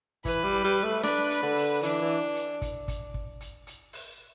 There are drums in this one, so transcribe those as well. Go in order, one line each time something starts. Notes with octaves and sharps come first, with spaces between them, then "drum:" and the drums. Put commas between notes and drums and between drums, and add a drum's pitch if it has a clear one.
E3 B4, drum: kick, hi-hat
G3
G3
A3
D4 B4, drum: snare
drum: hi-hat
D3
drum: open hi-hat
E3 D4, drum: hi-hat
E3
drum: hi-hat
drum: kick, hi-hat
drum: kick, hi-hat
drum: kick
drum: hi-hat
drum: hi-hat
drum: open hi-hat